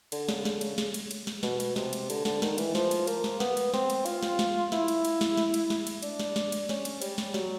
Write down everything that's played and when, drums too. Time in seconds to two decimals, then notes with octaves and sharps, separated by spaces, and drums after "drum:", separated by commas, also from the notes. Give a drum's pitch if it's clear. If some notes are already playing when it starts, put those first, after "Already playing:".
0.12 D3, drum: cymbal
0.29 C#3, drum: snare
0.45 D3, drum: snare
0.61 C#3, drum: cymbal
0.78 drum: snare
0.94 drum: cymbal
1.11 drum: cymbal
1.27 drum: snare
1.43 B2, drum: snare
1.60 drum: cymbal
1.76 C3, drum: snare
1.93 drum: cymbal
2.10 D3, drum: cymbal
2.25 D3, drum: snare
2.42 D#3, drum: snare
2.58 E3, drum: cymbal
2.75 F3, drum: snare
2.91 drum: cymbal
3.07 A#3, drum: cymbal
3.24 drum: snare
3.40 B3, drum: snare
3.57 drum: cymbal
3.74 C4, drum: snare
3.90 drum: cymbal
4.06 F4, drum: cymbal
4.23 drum: snare
4.39 drum: snare
4.72 E4, drum: snare
4.88 drum: cymbal
5.05 drum: cymbal
5.21 drum: snare
5.37 drum: snare
5.54 drum: cymbal
5.70 drum: snare
5.87 drum: cymbal
6.03 D4, drum: cymbal
6.20 drum: snare
6.36 drum: snare
6.52 drum: cymbal
6.69 C#4, drum: snare
6.85 drum: cymbal
7.02 G3, drum: cymbal
7.18 drum: snare
7.34 F#3, drum: snare